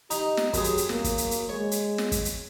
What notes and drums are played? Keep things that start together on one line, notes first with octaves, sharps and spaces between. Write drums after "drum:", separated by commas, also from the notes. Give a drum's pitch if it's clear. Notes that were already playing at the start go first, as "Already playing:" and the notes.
D#4 G4, drum: hi-hat
drum: snare
F#2 G4 G#4, drum: kick, hi-hat
drum: hi-hat
drum: hi-hat
A#3, drum: snare
drum: kick, hi-hat
drum: hi-hat
drum: hi-hat
G#3 C#5
drum: hi-hat
drum: snare
drum: kick, hi-hat
drum: hi-hat